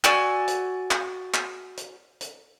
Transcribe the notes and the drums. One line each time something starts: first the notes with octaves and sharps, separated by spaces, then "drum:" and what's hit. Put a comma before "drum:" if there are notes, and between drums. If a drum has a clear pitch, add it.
F#4 D5 G#5 E6, drum: clap
drum: hi-hat
drum: clap
drum: clap
drum: hi-hat
drum: hi-hat